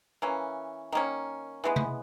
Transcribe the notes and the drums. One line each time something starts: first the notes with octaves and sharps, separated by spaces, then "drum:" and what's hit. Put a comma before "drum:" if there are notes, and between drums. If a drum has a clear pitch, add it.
E3 A#3 C#4
D#3 A#3 C#4
E3 G#3 B3
drum: tom C3